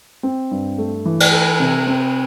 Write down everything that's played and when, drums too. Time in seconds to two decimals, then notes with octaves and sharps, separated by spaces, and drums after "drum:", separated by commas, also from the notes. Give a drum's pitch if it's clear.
0.23 C4
0.51 G2
0.78 A3
1.05 E3
1.20 drum: cymbal
1.32 A4
1.60 C3
1.87 C4